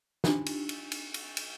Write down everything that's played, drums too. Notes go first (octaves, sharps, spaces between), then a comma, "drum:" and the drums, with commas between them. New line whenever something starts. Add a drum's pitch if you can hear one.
D4 D#4 F4 G4, drum: snare
drum: cymbal
drum: cymbal
drum: cymbal
drum: cymbal
drum: cymbal